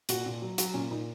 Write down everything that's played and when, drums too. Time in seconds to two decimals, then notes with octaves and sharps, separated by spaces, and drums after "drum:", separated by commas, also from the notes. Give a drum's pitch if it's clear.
0.09 A#2 F#4, drum: hi-hat
0.26 A#2
0.42 F#3
0.58 F#3 F#4, drum: hi-hat
0.74 A#2 C#4
0.91 A#2 D#4